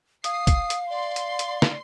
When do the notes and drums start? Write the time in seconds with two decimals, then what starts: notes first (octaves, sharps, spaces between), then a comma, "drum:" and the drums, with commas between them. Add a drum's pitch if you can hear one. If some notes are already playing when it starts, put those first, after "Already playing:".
0.24 F5 D#6 C7, drum: hi-hat
0.47 drum: kick, hi-hat
0.70 drum: hi-hat
0.90 D5 C6
1.16 drum: hi-hat
1.39 drum: hi-hat
1.62 drum: snare